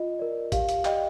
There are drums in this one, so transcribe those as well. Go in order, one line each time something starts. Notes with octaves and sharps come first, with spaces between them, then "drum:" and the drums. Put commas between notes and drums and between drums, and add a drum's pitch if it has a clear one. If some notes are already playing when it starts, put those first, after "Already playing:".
Already playing: F4 D#5
A#4 D5
G4 F5, drum: kick A1, hi-hat
F5, drum: hi-hat
D5 D#5 G5, drum: clap